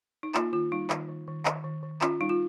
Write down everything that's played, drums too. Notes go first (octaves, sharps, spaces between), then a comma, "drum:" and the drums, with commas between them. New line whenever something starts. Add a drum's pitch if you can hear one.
D#4
A#3 F4, drum: clap
D#3 F4
G3 D#4
D#3, drum: clap
D#3
D#3
D#3, drum: clap
D#3
D#3
C#4 F4, drum: clap
G3 D#4
F4